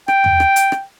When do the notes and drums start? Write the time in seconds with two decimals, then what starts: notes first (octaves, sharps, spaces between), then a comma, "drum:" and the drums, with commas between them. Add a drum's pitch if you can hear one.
0.08 G5, drum: rim click
0.24 drum: tom
0.40 drum: rim click
0.56 drum: hi-hat
0.72 drum: rim click